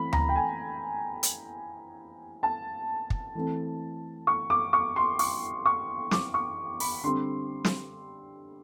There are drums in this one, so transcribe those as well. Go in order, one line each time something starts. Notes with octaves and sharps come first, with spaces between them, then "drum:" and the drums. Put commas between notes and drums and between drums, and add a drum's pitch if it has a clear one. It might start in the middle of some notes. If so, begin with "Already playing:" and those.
Already playing: E3 A3 C4 B5
A#5, drum: tom D2
G5
G#5
drum: hi-hat
A5
drum: kick
E3 A3 C4
C#6
D6
C#6
C6
C#6, drum: open hi-hat
C#6
D6, drum: snare
C#6
B5, drum: open hi-hat
D3 G3 C4 C6
drum: snare